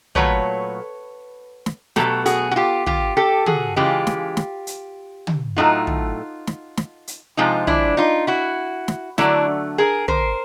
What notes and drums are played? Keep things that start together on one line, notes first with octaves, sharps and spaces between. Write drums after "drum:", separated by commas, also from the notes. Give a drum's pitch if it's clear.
A#2 F#3 A3 B4 C#5, drum: tom
drum: snare
B2 F#3 A3 G4 A4, drum: snare
F#4 G#4, drum: hi-hat
F#4
F4 G4
F4 G4, drum: tom
G4 A4
F#4 G#4, drum: tom
C#3 E3 G#3 F4 G4
drum: snare
drum: snare
drum: hi-hat
drum: tom
A2 F#3 A3 D#4 F4
drum: tom
drum: snare
drum: snare
drum: hi-hat
C3 F3 G#3 D#4 F4
D4 E4, drum: tom
D#4 F4
E4 F#4
drum: snare
D3 F#3 A3 D4 E4, drum: snare
G#4 A#4
A#4 C5, drum: tom